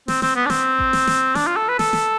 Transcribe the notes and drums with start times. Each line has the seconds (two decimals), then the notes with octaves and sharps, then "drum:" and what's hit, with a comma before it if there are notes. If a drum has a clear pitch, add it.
0.08 C4, drum: snare
0.22 C4, drum: snare
0.35 B3
0.46 D4
0.50 C4, drum: snare
0.79 drum: kick A1
0.93 drum: snare
1.07 drum: snare
1.35 D4, drum: snare
1.47 F4
1.57 A4
1.69 B4
1.79 A4, drum: snare
1.93 drum: snare